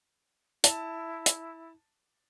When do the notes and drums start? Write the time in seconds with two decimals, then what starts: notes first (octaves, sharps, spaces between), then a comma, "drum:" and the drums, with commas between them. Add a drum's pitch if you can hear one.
0.64 E4 A5, drum: hi-hat
1.26 drum: hi-hat